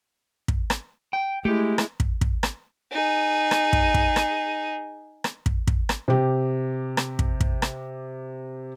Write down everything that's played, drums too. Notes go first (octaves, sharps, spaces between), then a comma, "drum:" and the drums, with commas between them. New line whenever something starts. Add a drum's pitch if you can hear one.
drum: kick
drum: rim click
G5
G#3 A3 E4 G4
drum: rim click
drum: kick
drum: kick
drum: rim click
D#4 G#4
drum: rim click
drum: kick
drum: kick
drum: rim click
drum: rim click
drum: kick
drum: kick
drum: rim click
C3 G4
drum: rim click
drum: kick
drum: kick
drum: rim click